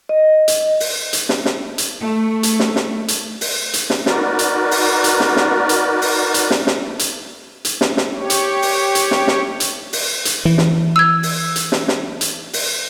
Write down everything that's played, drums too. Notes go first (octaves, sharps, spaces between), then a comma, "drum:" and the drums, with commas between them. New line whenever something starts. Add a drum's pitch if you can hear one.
D#5
drum: hi-hat
drum: open hi-hat
drum: hi-hat
drum: snare
drum: snare
drum: hi-hat
A3
drum: hi-hat
drum: snare
drum: snare
drum: hi-hat
drum: open hi-hat
drum: hi-hat
drum: snare
D#4 F#4 A#4 B4 D5, drum: snare
drum: hi-hat
drum: open hi-hat
drum: hi-hat
drum: snare
drum: snare
drum: hi-hat
drum: open hi-hat
drum: hi-hat
drum: snare
drum: snare
drum: hi-hat
drum: hi-hat
drum: snare
drum: snare
G4 C#5
drum: hi-hat
drum: open hi-hat
drum: hi-hat
drum: snare
drum: snare
drum: hi-hat
drum: open hi-hat
drum: hi-hat
E3
drum: snare
E6 G#6
drum: open hi-hat
drum: hi-hat
drum: snare
drum: snare
drum: hi-hat
drum: open hi-hat